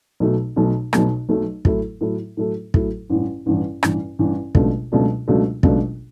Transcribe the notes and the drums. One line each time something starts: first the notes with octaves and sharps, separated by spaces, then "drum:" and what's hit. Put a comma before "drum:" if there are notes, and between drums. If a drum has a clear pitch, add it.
B1 B2 F#3 A3
B1 B2 F#3 A3
B1 B2 F#3 A3, drum: rim click
B1 B2 F#3 A3
A2 F#3 A3 E4 A4, drum: kick
A2 F#3 A3 E4 A4
A2 F#3 A3 E4 A4
A2 F#3 A3 E4 A4, drum: kick
A1 G2 E3
A1 G2 E3
A1 G2 E3, drum: rim click
A1 G2 E3
C#2 B2 F#3 A3 D4, drum: kick
C#2 B2 F#3 A3 D4
C#2 B2 F#3 A3 D4
C#2 B2 F#3 A3 D4, drum: kick